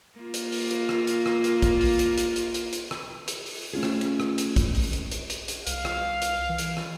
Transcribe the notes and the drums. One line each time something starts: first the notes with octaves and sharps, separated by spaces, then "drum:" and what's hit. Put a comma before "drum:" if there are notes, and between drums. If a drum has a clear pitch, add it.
A#3 F4
drum: hi-hat
drum: open hi-hat
drum: hi-hat
drum: rim click
drum: hi-hat
drum: rim click
drum: hi-hat
drum: kick, hi-hat
drum: open hi-hat
drum: hi-hat
drum: hi-hat
drum: hi-hat
drum: hi-hat
drum: hi-hat
drum: rim click
drum: hi-hat
drum: open hi-hat
A3 C#4 F4 G#4
drum: rim click
drum: hi-hat
drum: rim click
drum: hi-hat
drum: kick, hi-hat
drum: open hi-hat
drum: hi-hat
drum: hi-hat
drum: hi-hat
drum: hi-hat
C2 F5, drum: hi-hat
drum: rim click
drum: hi-hat
E3
drum: hi-hat
drum: rim click